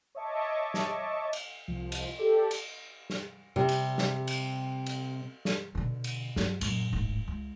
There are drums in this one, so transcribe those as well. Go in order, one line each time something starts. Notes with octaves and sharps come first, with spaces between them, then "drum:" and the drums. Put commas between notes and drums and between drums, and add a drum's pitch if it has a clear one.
C#5 D#5 E5 A5 C#6 D6
drum: snare
drum: cymbal
C2 F3
drum: cymbal
G4 A4 D5
drum: cymbal
drum: snare
C3 G3
drum: cymbal
drum: snare
drum: cymbal
drum: cymbal
drum: snare
B2 D3
drum: cymbal
G2 F#3, drum: snare
A#1 F#2, drum: cymbal
D1 G#1
C#2